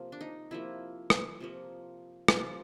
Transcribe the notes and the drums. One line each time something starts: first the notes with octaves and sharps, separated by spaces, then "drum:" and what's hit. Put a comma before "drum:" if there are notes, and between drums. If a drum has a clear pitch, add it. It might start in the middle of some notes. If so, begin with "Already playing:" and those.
Already playing: C3 F3 A#3
D4
D#4
C3 F3 A#3 E4
drum: rim click
C3 F3 A#3
C3 F3 A#3 F4, drum: rim click